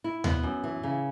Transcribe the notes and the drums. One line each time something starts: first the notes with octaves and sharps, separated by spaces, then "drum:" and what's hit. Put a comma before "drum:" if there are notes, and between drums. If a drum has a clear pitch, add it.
E4
B3, drum: tom D#2
F#2
E3
C#3